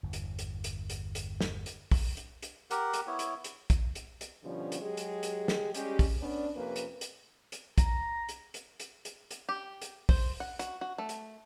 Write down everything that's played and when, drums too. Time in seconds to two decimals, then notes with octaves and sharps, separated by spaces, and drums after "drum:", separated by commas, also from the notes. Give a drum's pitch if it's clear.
0.03 G1 E2
0.13 drum: hi-hat
0.39 drum: hi-hat
0.64 drum: hi-hat
0.90 drum: hi-hat
1.15 drum: hi-hat
1.41 drum: snare
1.66 drum: hi-hat
1.91 drum: kick, open hi-hat
2.17 drum: hi-hat
2.42 drum: hi-hat
2.71 G4 A#4 F#5, drum: hi-hat
2.93 drum: hi-hat
3.07 B3 E4 C#5
3.19 drum: hi-hat
3.44 drum: hi-hat
3.70 drum: kick, hi-hat
3.95 drum: hi-hat
4.21 drum: hi-hat
4.43 B2 D3 F3 G3 C#4
4.72 drum: hi-hat
4.81 F#3 G#3 G4 G#4
4.97 drum: hi-hat
5.23 drum: hi-hat
5.48 drum: snare
5.74 G3 G#3 C#4 G4, drum: hi-hat
5.99 drum: kick, open hi-hat
6.21 B3 C#4 D4
6.55 F2 C3 A#3 C#4 B4
6.76 drum: hi-hat
7.01 drum: hi-hat
7.52 drum: hi-hat
7.78 A#5, drum: kick, hi-hat
8.29 drum: hi-hat
8.54 drum: hi-hat
8.80 drum: hi-hat
9.05 drum: hi-hat
9.31 drum: hi-hat
9.49 G4
9.82 drum: hi-hat
10.09 C5, drum: kick, open hi-hat
10.40 F#5
10.59 F#4, drum: hi-hat
10.81 F#4
10.98 A3
11.09 drum: hi-hat